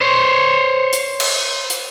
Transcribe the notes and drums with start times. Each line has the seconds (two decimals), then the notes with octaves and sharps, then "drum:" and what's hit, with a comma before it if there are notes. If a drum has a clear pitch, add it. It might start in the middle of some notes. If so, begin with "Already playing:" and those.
0.01 C5 C#5
0.93 drum: hi-hat
1.20 drum: cymbal
1.70 drum: hi-hat